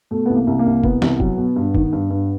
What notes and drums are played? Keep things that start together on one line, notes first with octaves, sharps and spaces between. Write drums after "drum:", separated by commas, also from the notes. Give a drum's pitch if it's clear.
B2 A3
C2 B3
A#3
C2
A#3
C2
C2 B3, drum: kick
C2, drum: snare
F#3, drum: kick
B2
G2
D#3, drum: kick
G2
G2